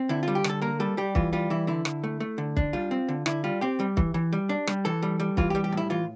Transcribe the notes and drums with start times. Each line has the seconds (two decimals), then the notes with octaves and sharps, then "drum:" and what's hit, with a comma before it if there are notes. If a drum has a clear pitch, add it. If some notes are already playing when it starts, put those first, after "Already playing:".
Already playing: C4
0.09 D3 E4
0.23 G3 F4
0.35 G4
0.44 D3, drum: rim click
0.50 A4
0.62 A#3 A#4
0.80 G3 A4
0.97 G3 G4
1.15 E3 F4, drum: kick
1.33 G3 F4
1.50 E3 E4
1.67 D3 E4
1.85 D3, drum: rim click
2.03 A3
2.20 A3
2.38 D3
2.57 D4, drum: kick
2.73 G3 F4
2.91 C4
3.08 D3
3.26 D3 E4, drum: rim click
3.44 G3 F4
3.61 C4 G4
3.80 G3
3.97 E3, drum: kick
4.14 E3
4.33 G3
4.49 D4
4.67 G3, drum: rim click
4.85 E3 A4
5.02 G3
5.20 G3
5.37 E3 F4, drum: kick
5.50 G3 G4
5.64 G4
5.72 A2 E4
5.90 E3 F4